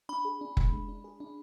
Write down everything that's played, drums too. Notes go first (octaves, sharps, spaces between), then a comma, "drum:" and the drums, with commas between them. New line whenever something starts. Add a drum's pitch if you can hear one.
D4 B5
G#4
D4
G#3, drum: kick
G#3
D4
G#4
D4